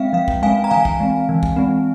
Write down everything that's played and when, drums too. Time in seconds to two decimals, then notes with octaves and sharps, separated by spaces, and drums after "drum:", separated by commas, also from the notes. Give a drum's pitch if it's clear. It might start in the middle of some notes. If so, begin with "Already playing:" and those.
Already playing: G#3 C4 E5 F5 G5
0.13 F3 F5
0.28 drum: kick
0.42 G#3 C4 F5 G#5
0.64 A#5
0.70 E3 F5 G#5
0.85 drum: kick
1.00 G#3 C4
1.29 E3
1.43 drum: kick
1.57 G#3 C4